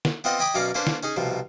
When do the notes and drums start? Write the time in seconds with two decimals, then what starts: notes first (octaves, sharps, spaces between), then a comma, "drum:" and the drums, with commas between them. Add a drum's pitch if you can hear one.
0.05 drum: snare
0.24 B3 C4 F4 D#5 F#5
0.39 D#5 G5 G#5 B5 D6 D#6
0.55 F#2 B2 C#4 D5 F5 A#5
0.74 A#3 C#4 D4 B4 C5
0.87 drum: snare
1.03 C#4 D#4 G#4
1.16 C2 B2 F3